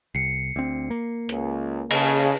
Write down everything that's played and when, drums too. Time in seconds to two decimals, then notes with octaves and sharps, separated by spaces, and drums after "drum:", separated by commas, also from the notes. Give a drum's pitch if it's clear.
0.15 C2 C7 C#7
0.56 D2 C4
0.90 A#3
1.29 C#2, drum: hi-hat
1.91 C#3 D#5 A5, drum: cymbal